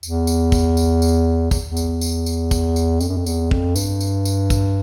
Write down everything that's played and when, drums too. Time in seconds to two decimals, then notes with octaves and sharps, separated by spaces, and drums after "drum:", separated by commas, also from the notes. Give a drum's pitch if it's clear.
0.03 E2, drum: tambourine
0.27 drum: tambourine
0.52 drum: kick, tambourine
0.77 drum: tambourine
1.02 drum: tambourine
1.51 E2, drum: kick, tambourine
1.66 E2
1.77 drum: tambourine
2.01 drum: tambourine
2.26 drum: tambourine
2.51 drum: kick, tambourine
2.76 drum: tambourine
3.01 F2, drum: tambourine
3.09 F#2
3.17 F2
3.26 E2, drum: tambourine
3.51 F2, drum: kick
3.76 G2, drum: tambourine
4.01 drum: tambourine
4.25 drum: tambourine
4.50 drum: kick, tambourine